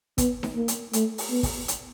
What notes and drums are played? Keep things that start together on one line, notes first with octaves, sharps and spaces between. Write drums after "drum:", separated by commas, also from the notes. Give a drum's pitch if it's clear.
B3, drum: kick, hi-hat
drum: snare D#4
A#3
drum: hi-hat
A3, drum: hi-hat
drum: open hi-hat
B3
drum: kick, open hi-hat
drum: hi-hat